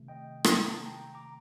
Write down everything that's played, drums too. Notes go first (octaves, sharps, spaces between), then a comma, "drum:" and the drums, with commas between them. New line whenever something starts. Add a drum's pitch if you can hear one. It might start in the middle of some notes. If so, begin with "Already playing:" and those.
Already playing: C3 D#3 A3
D#5 G5
C6, drum: rim click
A#5
A5
G5 A#5
A#5 D6